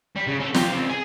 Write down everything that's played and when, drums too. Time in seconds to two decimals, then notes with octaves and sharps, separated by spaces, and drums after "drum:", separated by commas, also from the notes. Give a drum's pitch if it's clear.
0.16 G3
0.27 C#3
0.40 C#4 A4
0.54 F4 G4, drum: snare
0.71 C#2 C4
0.89 G#4 G#5